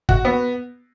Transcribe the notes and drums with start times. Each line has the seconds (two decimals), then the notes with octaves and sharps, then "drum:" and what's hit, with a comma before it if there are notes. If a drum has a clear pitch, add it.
0.09 F#4, drum: kick
0.25 B3